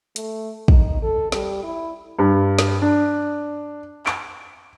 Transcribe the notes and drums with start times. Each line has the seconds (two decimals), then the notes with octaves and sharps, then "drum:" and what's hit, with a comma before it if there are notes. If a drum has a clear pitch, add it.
0.16 A3, drum: hi-hat
0.68 D#4, drum: kick
1.03 A4
1.32 G3, drum: snare
1.63 E4
2.19 G2
2.59 drum: snare
2.82 D4
4.06 D7, drum: clap